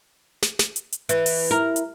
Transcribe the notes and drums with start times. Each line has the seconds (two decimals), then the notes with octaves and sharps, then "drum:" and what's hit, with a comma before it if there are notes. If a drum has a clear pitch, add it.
0.42 drum: snare
0.59 drum: snare
0.76 drum: hi-hat
0.92 drum: hi-hat
1.09 E3, drum: hi-hat
1.26 drum: open hi-hat
1.51 E4 A#4
1.76 drum: hi-hat